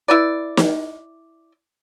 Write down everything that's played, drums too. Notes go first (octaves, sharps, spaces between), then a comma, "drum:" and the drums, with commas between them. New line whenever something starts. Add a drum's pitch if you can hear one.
E4 B4 D5
drum: snare